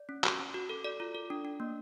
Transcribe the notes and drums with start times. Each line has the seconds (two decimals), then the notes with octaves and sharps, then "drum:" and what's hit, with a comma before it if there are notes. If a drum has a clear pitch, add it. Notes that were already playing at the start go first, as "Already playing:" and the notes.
Already playing: D5
0.09 C#4
0.24 F#4, drum: clap
0.39 C#4
0.54 F#4
0.70 A4
0.84 A4 D5
1.00 F4
1.15 A4
1.30 D4
1.45 D4
1.60 A#3